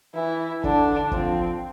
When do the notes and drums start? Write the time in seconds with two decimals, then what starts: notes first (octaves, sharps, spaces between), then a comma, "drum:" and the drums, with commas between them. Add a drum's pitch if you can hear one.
0.15 E3 E4
0.64 D3 D4, drum: kick
1.11 F3 C4, drum: kick